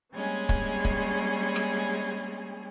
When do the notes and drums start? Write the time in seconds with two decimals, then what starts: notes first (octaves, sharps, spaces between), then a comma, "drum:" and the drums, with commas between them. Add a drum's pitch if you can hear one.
0.13 G3 G#3 A#3 C4 C#4 G#4
0.49 drum: kick
0.85 drum: kick
1.56 drum: rim click